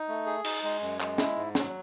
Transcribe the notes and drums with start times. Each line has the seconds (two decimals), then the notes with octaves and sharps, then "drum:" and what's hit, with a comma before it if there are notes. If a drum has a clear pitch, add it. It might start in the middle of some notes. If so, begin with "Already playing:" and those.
Already playing: D#4
0.08 A3
0.26 G#4
0.45 D#4, drum: cymbal
0.63 G#3
0.81 F#2
1.00 G#3, drum: clap
1.18 E4, drum: snare
1.36 G#2
1.55 F#3, drum: snare